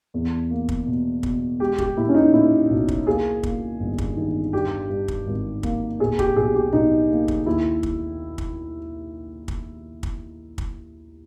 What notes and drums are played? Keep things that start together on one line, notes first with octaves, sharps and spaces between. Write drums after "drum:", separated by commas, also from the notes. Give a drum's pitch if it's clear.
E2
A#3
drum: kick
B2
B2, drum: kick
G#3 G4
G4, drum: kick
A#2 E4
C#4
D#4
A#2 E4
B1
drum: kick
A#3 G#4
A#3, drum: kick
G1
drum: kick
D#3
G2 G4
G2
drum: kick
G#1
A#3, drum: kick
A#2 G#4
G4, drum: kick
B1 G#4
G4
B1 D#4
A#3
drum: kick
D#2 E4
drum: kick
drum: kick
drum: kick
drum: kick
drum: kick